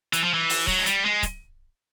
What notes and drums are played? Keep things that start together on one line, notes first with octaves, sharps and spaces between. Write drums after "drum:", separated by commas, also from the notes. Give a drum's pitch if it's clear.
E3, drum: hi-hat
F3
E3
drum: open hi-hat
F#3, drum: kick C#1
G#3
G3, drum: hi-hat
G#3
drum: kick C#1, hi-hat